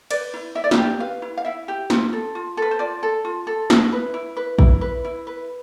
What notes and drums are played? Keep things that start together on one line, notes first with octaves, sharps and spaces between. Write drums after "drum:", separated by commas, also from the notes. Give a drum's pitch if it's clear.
B4 D5, drum: cymbal
E4
E4 E5
D5
E5, drum: snare
G4
B4 F5
E4
F5
E4 E5
G4
F4, drum: snare
A4
F4
A4 B4
C5
F4 D5
A4
F4
A4
E4, drum: snare
B4
E4
B4
E4, drum: kick A1
B4
E4
B4